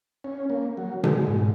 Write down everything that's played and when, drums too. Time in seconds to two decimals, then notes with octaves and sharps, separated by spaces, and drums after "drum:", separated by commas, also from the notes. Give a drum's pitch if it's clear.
0.24 C#4
0.50 A#3
0.77 F#3
1.04 G#3, drum: tom B2
1.27 G#2